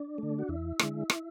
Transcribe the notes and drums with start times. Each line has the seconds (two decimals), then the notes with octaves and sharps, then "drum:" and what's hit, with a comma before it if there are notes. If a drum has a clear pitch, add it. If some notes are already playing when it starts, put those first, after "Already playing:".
Already playing: D4
0.18 D3 A3
0.39 F#4
0.48 E2 E4
0.79 D3 G#3, drum: rim click
1.10 drum: rim click